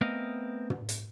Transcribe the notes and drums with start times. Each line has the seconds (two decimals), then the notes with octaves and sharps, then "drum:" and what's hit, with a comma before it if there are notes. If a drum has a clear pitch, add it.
0.01 A3 B3 C4 A#4 D#5 F5
0.70 drum: tom
0.89 drum: hi-hat